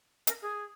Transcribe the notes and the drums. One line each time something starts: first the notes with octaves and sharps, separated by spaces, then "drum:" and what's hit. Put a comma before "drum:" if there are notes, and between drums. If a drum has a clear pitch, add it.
A#4, drum: hi-hat
G#4